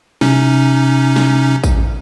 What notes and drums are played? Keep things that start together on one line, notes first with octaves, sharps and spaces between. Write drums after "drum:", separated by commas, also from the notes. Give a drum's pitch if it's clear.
C3 C#4 D#4, drum: snare
drum: snare
drum: kick, tambourine